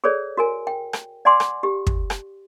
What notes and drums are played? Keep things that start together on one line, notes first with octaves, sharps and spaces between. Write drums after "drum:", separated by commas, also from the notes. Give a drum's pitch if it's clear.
G#4 A4 B4 C#5 D5
F#4 A#4 G#5
G5
drum: rim click
D5 F#5 G#5 C6 D6
drum: rim click
G4
drum: kick
drum: rim click